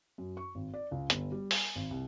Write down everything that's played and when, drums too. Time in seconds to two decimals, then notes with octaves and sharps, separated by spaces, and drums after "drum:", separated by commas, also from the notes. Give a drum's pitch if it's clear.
0.18 F#2
0.37 C#6
0.55 G#1
0.74 D5
0.91 C#2
1.10 G1, drum: hi-hat
1.32 G3
1.51 G#5, drum: open hi-hat
1.75 G#1
1.91 C2